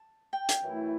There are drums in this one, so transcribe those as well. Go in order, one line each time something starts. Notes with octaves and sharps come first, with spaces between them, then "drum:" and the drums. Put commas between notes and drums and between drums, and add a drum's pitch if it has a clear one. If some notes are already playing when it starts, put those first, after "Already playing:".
Already playing: A5
G5
drum: hi-hat
F#2 E3 A3 E4